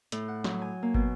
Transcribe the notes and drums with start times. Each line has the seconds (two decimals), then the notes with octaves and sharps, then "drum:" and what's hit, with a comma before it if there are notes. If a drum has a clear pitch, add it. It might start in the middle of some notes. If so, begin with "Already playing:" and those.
0.12 A2, drum: hi-hat
0.28 F#5
0.44 F#3, drum: snare
0.62 G#5
0.83 A#3
0.94 B2, drum: kick